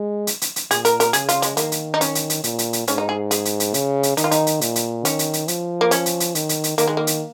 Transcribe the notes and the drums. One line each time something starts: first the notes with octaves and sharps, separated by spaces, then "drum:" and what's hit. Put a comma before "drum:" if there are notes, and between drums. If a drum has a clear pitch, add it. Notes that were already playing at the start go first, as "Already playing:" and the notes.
Already playing: G#3
drum: hi-hat
drum: hi-hat
drum: hi-hat
A#2 G#4, drum: hi-hat
A#4, drum: hi-hat
A#4, drum: hi-hat
C#3 G#4, drum: hi-hat
F4, drum: hi-hat
G#3, drum: hi-hat
D#3 A#3, drum: hi-hat
drum: hi-hat
D#4
C#4, drum: hi-hat
drum: hi-hat
drum: hi-hat
A#2, drum: hi-hat
drum: hi-hat
drum: hi-hat
G#2 C#4, drum: hi-hat
D#4
G#4
G#4, drum: hi-hat
drum: hi-hat
drum: hi-hat
C#3, drum: hi-hat
drum: hi-hat
D#3 D#4, drum: hi-hat
F4
D#4, drum: hi-hat
drum: hi-hat
A#2, drum: hi-hat
drum: hi-hat
D#3 C#4, drum: hi-hat
drum: hi-hat
drum: hi-hat
F3, drum: hi-hat
A#3
C#4, drum: hi-hat
drum: hi-hat
drum: hi-hat
D#3, drum: hi-hat
drum: hi-hat
drum: hi-hat
D#3 A#3, drum: hi-hat
G#3
A#3
drum: hi-hat